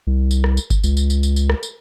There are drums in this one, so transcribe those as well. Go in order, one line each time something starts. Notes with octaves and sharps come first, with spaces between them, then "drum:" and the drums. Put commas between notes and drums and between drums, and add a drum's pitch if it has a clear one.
C2
drum: tambourine
drum: rim click
drum: tambourine
drum: kick G1, tambourine
C#2, drum: tambourine
drum: tambourine
drum: tambourine
drum: tambourine
drum: tambourine
drum: rim click
drum: tambourine